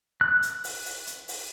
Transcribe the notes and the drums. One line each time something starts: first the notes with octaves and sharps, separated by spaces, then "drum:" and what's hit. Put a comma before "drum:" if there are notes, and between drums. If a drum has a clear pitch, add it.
F#6
drum: hi-hat
drum: open hi-hat
drum: open hi-hat
drum: hi-hat
drum: open hi-hat